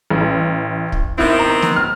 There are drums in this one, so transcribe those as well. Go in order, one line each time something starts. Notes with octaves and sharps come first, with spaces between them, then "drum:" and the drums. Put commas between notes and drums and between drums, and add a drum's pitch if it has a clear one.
A1
drum: kick
D#3 B3 C4 E4
A#5
drum: snare
F6